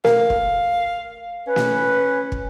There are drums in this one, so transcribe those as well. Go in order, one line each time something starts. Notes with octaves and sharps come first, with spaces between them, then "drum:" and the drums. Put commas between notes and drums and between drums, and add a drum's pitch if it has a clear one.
A#4 F5, drum: snare
drum: kick
C#4 B4
drum: snare
drum: kick